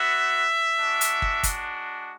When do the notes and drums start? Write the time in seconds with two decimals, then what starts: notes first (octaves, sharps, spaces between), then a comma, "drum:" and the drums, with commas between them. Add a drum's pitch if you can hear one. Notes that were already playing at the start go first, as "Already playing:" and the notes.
Already playing: B3 F#4 E5
0.80 G#3 D4 F#4
1.01 drum: hi-hat
1.22 drum: kick
1.43 drum: kick, hi-hat